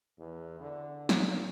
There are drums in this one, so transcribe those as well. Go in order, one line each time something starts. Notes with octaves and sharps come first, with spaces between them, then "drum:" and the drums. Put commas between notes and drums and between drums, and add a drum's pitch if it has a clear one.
E2
D3
A#2, drum: snare